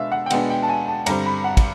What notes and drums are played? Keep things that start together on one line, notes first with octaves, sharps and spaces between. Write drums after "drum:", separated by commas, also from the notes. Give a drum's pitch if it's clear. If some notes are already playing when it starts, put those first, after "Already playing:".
Already playing: B2 G#3 B3 D4 E5 F5
F#5
G5
B2 G#3 B3 D4 F#5, drum: cymbal
G5
A5
G#5
A5
G2 D3 G3 C4 A#5, drum: cymbal
B5
F#5
drum: kick, cymbal